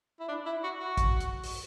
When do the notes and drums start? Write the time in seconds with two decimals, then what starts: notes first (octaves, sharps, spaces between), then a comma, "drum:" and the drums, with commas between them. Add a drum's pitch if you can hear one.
0.20 E4
0.28 D4
0.46 E4
0.63 F#4
0.80 F#4
0.97 drum: kick, hi-hat
1.20 drum: hi-hat
1.44 drum: open hi-hat